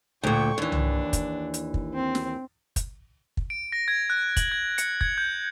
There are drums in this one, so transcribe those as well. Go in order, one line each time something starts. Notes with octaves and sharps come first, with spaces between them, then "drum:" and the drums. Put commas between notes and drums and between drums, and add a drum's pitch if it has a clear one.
D2 A#2 G5 C#6
D#2 E3 D4
drum: tom C2
drum: kick, hi-hat
drum: hi-hat
drum: kick
C4
drum: snare
drum: kick, hi-hat
drum: kick
D7
A#6
G#6
F#6
F#7, drum: kick, hi-hat
G#6
C#7, drum: hi-hat
G#6, drum: kick
G6